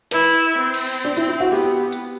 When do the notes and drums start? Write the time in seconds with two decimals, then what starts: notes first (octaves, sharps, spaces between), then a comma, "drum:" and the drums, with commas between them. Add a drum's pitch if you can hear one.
0.11 E4 B4, drum: cymbal
0.58 C4
0.74 drum: cymbal
1.04 D4
1.17 E4, drum: hi-hat
1.29 E4
1.40 F#4
1.52 B3 G4
1.92 drum: hi-hat